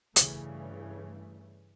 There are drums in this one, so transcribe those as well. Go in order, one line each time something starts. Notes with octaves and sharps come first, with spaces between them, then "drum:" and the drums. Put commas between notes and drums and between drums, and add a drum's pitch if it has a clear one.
G2 C#3 E3 G3 A3, drum: hi-hat